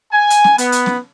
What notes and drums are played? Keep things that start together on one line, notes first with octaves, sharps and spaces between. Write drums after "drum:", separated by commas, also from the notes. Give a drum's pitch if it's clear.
G#5
drum: hi-hat
drum: snare
B3, drum: hi-hat
drum: hi-hat
drum: snare